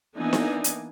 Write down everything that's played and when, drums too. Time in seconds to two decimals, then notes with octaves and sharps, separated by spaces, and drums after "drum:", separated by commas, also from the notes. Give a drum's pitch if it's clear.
0.17 E3 A#3 B3 D4 D#4 G#5
0.33 drum: snare D4
0.64 drum: hi-hat